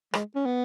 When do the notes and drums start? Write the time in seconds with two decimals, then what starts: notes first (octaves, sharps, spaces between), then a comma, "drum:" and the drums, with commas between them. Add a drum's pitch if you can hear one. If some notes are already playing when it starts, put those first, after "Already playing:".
0.13 G#3, drum: rim click
0.35 C#4
0.46 B3